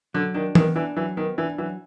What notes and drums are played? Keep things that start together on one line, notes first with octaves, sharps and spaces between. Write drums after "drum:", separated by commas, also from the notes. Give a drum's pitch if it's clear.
D3 F#3
D#3 D4
D#3 B3, drum: tom E3
E3 D4
E3 F#3
D#3 B3
E3 D4
E3 F#3